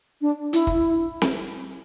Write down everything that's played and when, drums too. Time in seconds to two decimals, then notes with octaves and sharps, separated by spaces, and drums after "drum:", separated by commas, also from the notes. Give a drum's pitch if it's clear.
0.21 D4
0.53 E4, drum: hi-hat
0.67 drum: kick
1.22 drum: snare C4